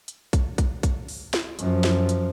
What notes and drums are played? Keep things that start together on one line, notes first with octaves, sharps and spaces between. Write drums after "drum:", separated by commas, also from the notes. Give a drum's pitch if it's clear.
drum: hi-hat
drum: kick A#1, hi-hat
drum: kick A#1, hi-hat
drum: kick A#1, hi-hat
drum: open hi-hat
drum: snare
F#2 F3, drum: hi-hat
drum: snare
drum: hi-hat